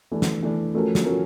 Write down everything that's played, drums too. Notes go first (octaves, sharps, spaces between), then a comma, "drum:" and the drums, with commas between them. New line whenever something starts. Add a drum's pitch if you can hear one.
E3 A3 D4
drum: snare
E3 A3 D4
F3 A3 C#4 F#4 A#4
drum: snare
F3 A3 C#4 F#4 A#4